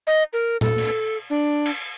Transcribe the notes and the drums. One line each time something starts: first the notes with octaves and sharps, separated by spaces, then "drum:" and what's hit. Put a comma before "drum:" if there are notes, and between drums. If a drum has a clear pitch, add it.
D#5
A#4
A4, drum: tom A#2
drum: cymbal
D4
drum: cymbal